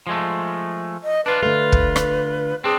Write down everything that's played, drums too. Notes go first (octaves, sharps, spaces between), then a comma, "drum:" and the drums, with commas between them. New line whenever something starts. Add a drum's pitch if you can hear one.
F3 G#3 A3
D#5
D4 F4 B4
D3 A3 F4
drum: kick
drum: rim click
C4 D4 G#4